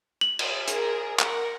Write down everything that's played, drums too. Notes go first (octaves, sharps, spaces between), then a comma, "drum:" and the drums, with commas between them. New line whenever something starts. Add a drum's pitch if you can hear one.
F#7
drum: cymbal
G#4 A#4, drum: hi-hat
A#4 F#5, drum: clap